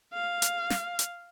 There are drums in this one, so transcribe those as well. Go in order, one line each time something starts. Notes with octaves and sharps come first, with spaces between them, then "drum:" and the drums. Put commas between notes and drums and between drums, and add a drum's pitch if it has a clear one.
F5
drum: hi-hat
drum: snare
drum: hi-hat